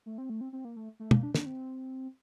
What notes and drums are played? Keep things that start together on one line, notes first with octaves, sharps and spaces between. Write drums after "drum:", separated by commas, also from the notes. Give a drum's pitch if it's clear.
A3
C4
A3
C4
C4
A#3
A3
A3
A#3, drum: tom
D4
D4, drum: snare
C4